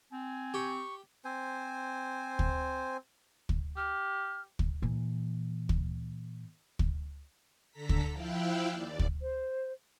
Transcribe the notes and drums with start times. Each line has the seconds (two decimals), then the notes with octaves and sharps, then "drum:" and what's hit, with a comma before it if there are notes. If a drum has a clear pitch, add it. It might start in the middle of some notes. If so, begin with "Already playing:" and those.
0.12 C4 G#5
0.54 G4 C#6
1.25 C4 C5 G#5
2.39 drum: kick
3.49 drum: kick
3.77 G4 F6
4.59 drum: kick
4.82 A#2 E3
5.69 drum: kick
6.79 drum: kick
7.71 D3 A4 A#5 B6
7.89 drum: kick
8.12 F3 E4 F5 G5 E6 F#6
8.71 D#2 D5
8.99 drum: kick
9.21 C5